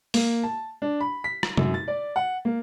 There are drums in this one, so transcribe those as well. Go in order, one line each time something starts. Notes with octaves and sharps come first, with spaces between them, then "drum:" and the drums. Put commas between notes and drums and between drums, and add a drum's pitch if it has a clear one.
A#3, drum: open hi-hat
A5
D4
B5
B6
drum: rim click
F#2, drum: tom C3
A6
D5
F#5
A#3